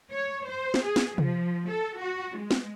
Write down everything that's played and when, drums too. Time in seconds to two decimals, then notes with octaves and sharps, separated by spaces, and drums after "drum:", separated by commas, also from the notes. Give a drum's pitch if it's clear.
0.12 C#5
0.48 C5
0.74 drum: snare
0.84 G#4
0.96 drum: snare
1.18 F3, drum: tom C3
1.69 A4
2.00 F#4
2.37 G#3
2.51 drum: snare